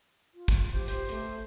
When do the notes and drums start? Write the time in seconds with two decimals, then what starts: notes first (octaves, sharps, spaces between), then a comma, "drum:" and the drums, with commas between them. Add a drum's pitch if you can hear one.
0.34 F4
0.48 drum: kick, hi-hat
0.73 G4 C5
0.88 C5, drum: hi-hat
1.09 A3, drum: hi-hat